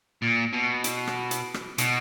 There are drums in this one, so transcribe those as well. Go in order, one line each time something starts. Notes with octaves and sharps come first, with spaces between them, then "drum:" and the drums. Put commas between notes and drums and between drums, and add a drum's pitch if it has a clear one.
A#2
B2
drum: hi-hat
drum: rim click
drum: hi-hat
drum: rim click
B2, drum: hi-hat